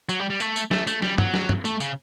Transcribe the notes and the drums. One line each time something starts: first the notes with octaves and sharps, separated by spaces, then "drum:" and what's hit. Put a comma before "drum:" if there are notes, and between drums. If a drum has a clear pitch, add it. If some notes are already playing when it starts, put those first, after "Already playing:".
F#3, drum: tambourine
G3
G3
A3, drum: tambourine
drum: tambourine
A3, drum: snare
A3, drum: tambourine
G3, drum: snare
F#3, drum: tom
drum: snare
drum: tom
A3, drum: tambourine
C#3, drum: tambourine